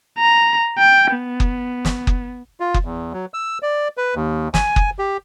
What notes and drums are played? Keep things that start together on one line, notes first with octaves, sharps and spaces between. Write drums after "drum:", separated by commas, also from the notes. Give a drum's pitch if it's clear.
A#5
G5
B3
drum: kick F#1
drum: snare
drum: kick F#1
F4
drum: kick F#1
E2
F#3
E6
D5
B4
D#2
G#5, drum: snare
drum: kick F#1
G4